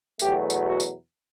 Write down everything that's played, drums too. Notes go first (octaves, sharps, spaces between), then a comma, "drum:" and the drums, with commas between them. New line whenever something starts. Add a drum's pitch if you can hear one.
E2 B2 F#3 A3 G4, drum: tambourine
drum: tambourine
F#4
drum: tambourine